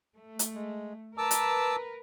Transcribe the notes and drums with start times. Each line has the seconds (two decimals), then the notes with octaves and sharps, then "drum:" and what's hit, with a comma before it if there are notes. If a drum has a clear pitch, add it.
0.16 A3
0.39 drum: hi-hat
0.55 G#3
1.18 A#4 B4 A5 D6 E6
1.31 drum: hi-hat